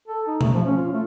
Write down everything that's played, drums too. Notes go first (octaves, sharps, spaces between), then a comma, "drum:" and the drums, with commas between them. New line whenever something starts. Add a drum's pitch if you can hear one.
A4
D#4
A3, drum: tom B2
F3
C#4
F4
A3